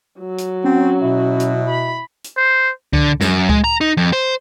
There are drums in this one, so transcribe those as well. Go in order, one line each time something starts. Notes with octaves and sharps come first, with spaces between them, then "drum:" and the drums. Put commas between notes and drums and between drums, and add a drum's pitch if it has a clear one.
F#3
drum: hi-hat
C4 C#4 F#4
B2 E4
drum: hi-hat
B5
drum: hi-hat
C5
D3, drum: kick C#2
F#2, drum: snare
G#3, drum: kick C#2
A#5
D#4
F2
C5